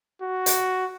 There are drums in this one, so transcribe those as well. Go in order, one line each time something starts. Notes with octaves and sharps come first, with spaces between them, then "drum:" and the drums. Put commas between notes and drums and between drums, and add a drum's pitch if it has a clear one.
F#4
drum: hi-hat